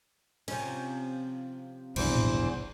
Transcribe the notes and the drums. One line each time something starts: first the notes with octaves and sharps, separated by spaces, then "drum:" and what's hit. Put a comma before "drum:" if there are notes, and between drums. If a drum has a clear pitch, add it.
C3 F3 C#4, drum: cymbal
F1 B1 E2 G2 E3 C5, drum: cymbal
drum: tom G#2